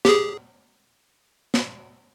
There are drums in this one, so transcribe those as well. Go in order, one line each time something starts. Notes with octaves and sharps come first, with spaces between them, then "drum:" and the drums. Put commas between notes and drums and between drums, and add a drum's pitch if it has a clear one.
G4 G#4, drum: snare
drum: snare